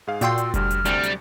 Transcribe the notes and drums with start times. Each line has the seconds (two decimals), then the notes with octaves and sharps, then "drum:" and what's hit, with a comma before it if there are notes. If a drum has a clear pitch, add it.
0.07 G#2 G#4 F5
0.21 A#2 F4 F#4 D5 G5 C6 E6, drum: hi-hat
0.38 drum: hi-hat
0.54 D2 G3 F6, drum: kick F1, hi-hat
0.71 drum: hi-hat
0.85 D2 C3 G3 C#7, drum: hi-hat
1.03 drum: hi-hat